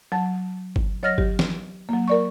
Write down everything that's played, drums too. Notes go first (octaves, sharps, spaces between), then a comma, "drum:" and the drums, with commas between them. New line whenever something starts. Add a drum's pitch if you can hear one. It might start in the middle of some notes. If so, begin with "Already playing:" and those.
F#3 A5
drum: kick G1
F#3 C#5 D#5 F6 A6 A#6
G4, drum: kick G1
drum: snare
F#3 A#3
A#4 D5 C#6